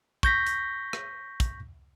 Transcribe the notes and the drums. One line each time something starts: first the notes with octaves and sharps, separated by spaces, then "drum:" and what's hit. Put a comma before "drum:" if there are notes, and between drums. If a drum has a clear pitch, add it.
C#6 G6 A#6 B6, drum: kick
drum: hi-hat
drum: rim click
drum: kick, hi-hat